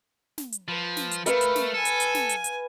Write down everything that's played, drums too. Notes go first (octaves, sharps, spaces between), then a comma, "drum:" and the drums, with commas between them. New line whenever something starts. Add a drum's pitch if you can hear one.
drum: snare
drum: hi-hat
F3 B4
drum: snare
drum: hi-hat
A3 A#4 B4 F5 B5, drum: hi-hat
drum: hi-hat
drum: snare
A4 G#5
drum: hi-hat
drum: hi-hat
drum: snare
drum: hi-hat
drum: hi-hat